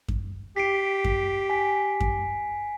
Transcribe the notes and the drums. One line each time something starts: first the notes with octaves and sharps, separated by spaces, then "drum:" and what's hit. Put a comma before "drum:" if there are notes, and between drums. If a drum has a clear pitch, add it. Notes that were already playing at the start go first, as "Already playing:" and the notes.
drum: kick F#2
G4 B6 C7 D7
drum: kick F#2
G#5 B6
drum: kick F#2